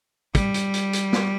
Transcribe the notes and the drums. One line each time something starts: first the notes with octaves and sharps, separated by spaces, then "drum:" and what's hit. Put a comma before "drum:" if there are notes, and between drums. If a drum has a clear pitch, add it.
G3, drum: kick, hi-hat
drum: hi-hat
drum: hi-hat
drum: hi-hat
drum: snare